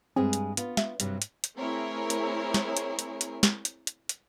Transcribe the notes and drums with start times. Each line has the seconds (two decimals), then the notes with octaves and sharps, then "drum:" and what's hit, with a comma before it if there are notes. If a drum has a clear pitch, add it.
0.16 G2 G#3 C4 G#4
0.33 drum: hi-hat
0.57 B3 F4, drum: hi-hat
0.77 E5, drum: snare
1.00 G2 C3 F#3, drum: hi-hat
1.22 drum: hi-hat
1.44 drum: hi-hat
1.58 A3 C4 E4 G#4 A#4 C#5
2.10 drum: hi-hat
2.54 drum: snare
2.77 drum: hi-hat
2.99 drum: hi-hat
3.21 drum: hi-hat
3.43 drum: snare
3.65 drum: hi-hat
3.87 drum: hi-hat
4.09 drum: hi-hat